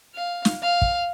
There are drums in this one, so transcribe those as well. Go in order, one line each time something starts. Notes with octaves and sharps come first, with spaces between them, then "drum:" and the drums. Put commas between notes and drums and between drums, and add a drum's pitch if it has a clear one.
F5
drum: snare
F5
drum: kick